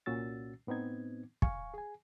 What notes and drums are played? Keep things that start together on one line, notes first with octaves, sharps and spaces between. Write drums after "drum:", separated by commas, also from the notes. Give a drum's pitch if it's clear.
C2 A#2 C#4 F#4 E6 A6
A2 B3 C4 D#4 G#6
F5 G#5 C#6, drum: kick
G#4 G#5